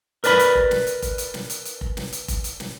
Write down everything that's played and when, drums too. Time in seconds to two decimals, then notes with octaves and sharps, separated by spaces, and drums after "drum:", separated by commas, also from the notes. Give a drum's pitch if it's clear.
0.24 A#4 B4 D5 G#5 B5, drum: hi-hat
0.39 drum: hi-hat
0.55 drum: kick F1
0.71 drum: snare
0.87 drum: hi-hat
1.02 drum: kick F1, hi-hat
1.18 drum: hi-hat
1.34 drum: snare
1.50 drum: hi-hat
1.65 drum: hi-hat
1.81 drum: kick F1
1.97 drum: snare
2.13 drum: hi-hat
2.28 drum: kick F1, hi-hat
2.44 drum: hi-hat
2.60 drum: snare